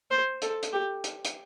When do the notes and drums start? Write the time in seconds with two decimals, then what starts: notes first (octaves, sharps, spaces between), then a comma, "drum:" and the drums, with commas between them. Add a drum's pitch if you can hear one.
0.11 C5
0.42 A4, drum: hi-hat
0.63 drum: hi-hat
0.73 G4
1.04 drum: hi-hat
1.25 drum: hi-hat